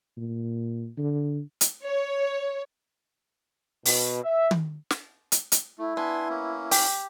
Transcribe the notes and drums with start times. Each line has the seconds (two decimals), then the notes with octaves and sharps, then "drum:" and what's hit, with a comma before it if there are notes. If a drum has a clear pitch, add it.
0.17 A#2
0.98 D3
1.61 drum: hi-hat
1.85 C#5
3.85 B2, drum: open hi-hat
4.24 E5
4.51 drum: tom
4.90 drum: snare
5.32 drum: hi-hat
5.52 drum: hi-hat
5.77 A3 E4
5.97 B3 D4 G#5 C6
6.29 A#3 C#4
6.71 G4, drum: open hi-hat